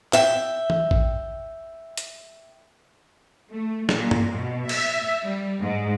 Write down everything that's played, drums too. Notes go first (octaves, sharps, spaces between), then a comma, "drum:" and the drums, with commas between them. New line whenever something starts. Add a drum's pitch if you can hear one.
E5 G5, drum: clap
drum: tom E3
drum: kick A1
drum: hi-hat
A3
A#2, drum: snare
drum: tom G2
B2
E5, drum: cymbal
G3
G#2